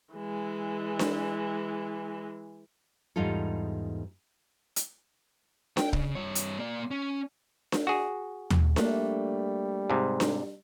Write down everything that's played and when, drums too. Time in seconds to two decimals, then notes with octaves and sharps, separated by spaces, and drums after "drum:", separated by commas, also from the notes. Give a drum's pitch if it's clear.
0.14 E3 G#3
0.99 drum: snare D4
3.16 E2 G#2 G3 D#4 F4 A4
4.76 drum: hi-hat
5.77 G5, drum: snare D4
5.93 C#3, drum: kick
6.15 G2 C#5
6.35 drum: hi-hat
6.59 A#3 D5
6.91 C#4
7.72 drum: snare D4
7.87 F#4 G#4
8.50 drum: tom D#2
8.76 G3 A3 A#3 D4, drum: snare D4
9.90 G#2 C3
10.20 drum: snare D4